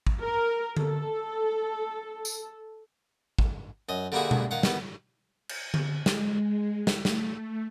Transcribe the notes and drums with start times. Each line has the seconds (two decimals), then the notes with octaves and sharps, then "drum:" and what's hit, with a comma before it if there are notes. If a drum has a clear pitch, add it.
0.07 drum: kick G#1
0.20 A#4
0.77 A4, drum: tom D3
2.25 drum: tambourine
3.39 drum: kick G#1
3.89 F#2 D#5
4.12 D3 G3 A#3 E4 F#4 G#4
4.31 drum: tom B2
4.51 D#3 F5 F#5
4.63 D#3 B3, drum: snare
5.49 drum: cymbal
5.74 drum: tom D3
6.06 G#3, drum: snare
6.87 drum: snare
7.05 A3, drum: snare